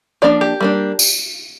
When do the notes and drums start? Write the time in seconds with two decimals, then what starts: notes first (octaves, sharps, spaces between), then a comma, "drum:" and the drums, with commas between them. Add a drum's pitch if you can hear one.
0.22 F3 A#3 D4 D5
0.41 G4
0.61 G3 A#3 D4
0.99 drum: tambourine